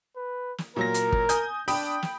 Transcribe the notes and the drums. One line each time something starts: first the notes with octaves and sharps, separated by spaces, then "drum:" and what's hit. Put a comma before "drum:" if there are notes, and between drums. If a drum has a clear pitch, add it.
B4
drum: snare
A#2 F#3 A#4 A#6
drum: hi-hat
drum: kick
G#5 D#6 G6, drum: hi-hat
D4 G5 B5 D#6, drum: open hi-hat
drum: snare